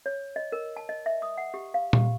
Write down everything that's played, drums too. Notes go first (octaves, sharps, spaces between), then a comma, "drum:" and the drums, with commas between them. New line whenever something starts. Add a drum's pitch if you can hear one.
C#5
D#5
A#4
A5
D#5
E5
D#6
F#5
G4
F5
G4, drum: tom A#2